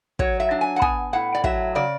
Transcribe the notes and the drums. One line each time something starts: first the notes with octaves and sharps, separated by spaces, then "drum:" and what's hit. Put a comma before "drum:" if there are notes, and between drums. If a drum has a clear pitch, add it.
F#3 C#5, drum: kick
E5
D4
G#5
F#5
B3 G#5, drum: kick
A2 F#5
D5
F#3 E5, drum: kick
C#3 D5